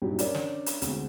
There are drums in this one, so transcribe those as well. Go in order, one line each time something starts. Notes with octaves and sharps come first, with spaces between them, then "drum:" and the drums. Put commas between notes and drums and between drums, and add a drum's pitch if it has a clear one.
G2 A#2 F#3 D4 D#4 G4
C#4 D4 A#4 C#5 D5, drum: hi-hat
drum: snare
drum: hi-hat
D2 B2 G#3 C4, drum: hi-hat